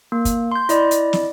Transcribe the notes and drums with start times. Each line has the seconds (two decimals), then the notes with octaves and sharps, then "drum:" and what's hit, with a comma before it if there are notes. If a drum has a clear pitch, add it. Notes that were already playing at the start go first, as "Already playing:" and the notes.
0.12 A#3
0.25 drum: kick, hi-hat
0.52 C6 G6
0.69 E4 D5 D#5, drum: hi-hat
0.91 drum: hi-hat
1.13 drum: snare